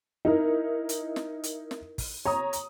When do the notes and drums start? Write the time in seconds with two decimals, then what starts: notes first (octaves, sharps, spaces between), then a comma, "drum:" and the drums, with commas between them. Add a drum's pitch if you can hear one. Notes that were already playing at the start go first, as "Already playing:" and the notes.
0.25 D#4 E4 A#4
0.89 drum: hi-hat
1.16 drum: snare
1.44 drum: hi-hat
1.71 drum: snare
1.98 drum: kick, open hi-hat
2.25 C#5 A#5 D#6
2.53 drum: hi-hat